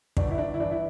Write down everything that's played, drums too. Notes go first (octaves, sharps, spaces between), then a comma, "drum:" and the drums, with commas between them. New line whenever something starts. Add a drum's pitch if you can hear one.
G1 D4, drum: kick
E4
G1 D4
E4
E3 D4
E4